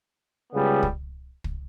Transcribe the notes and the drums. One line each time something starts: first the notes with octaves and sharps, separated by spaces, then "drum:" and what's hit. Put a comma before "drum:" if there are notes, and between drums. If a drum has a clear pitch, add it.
C#2 C#3 G3 B3
drum: kick
drum: kick